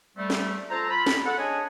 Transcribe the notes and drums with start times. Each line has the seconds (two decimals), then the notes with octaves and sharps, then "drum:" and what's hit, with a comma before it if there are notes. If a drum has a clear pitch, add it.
0.17 G3 A3 C4
0.30 drum: snare
0.70 F4 A4 C5 A5 A#5
0.90 F4 B5
1.06 drum: snare
1.26 A4 F#5
1.38 D4 G#4 C#5 D#5 G#5